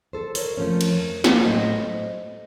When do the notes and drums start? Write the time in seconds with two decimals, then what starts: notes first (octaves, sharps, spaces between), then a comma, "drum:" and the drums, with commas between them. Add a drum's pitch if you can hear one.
0.13 A4 C5
0.35 A#4 C#5, drum: open hi-hat
0.57 F2 C3 F3 A3 C#4
0.81 drum: cymbal
1.24 drum: snare
1.44 A2 F#3 A3 C5 D#5